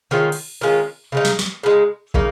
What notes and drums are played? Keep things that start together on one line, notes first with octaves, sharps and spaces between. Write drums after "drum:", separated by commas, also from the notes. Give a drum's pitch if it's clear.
D#3 G#3 C#4 F4
drum: cymbal
D#3 G#3 C#4 F4
C#3 G#3 D#4
drum: snare
drum: snare
C#3 G#3 D#4
C#3 A#3 D#4, drum: kick